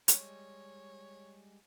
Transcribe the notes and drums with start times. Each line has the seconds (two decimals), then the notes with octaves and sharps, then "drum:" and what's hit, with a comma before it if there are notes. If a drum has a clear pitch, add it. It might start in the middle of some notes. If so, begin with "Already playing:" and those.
0.08 G3 G#3 C#5, drum: hi-hat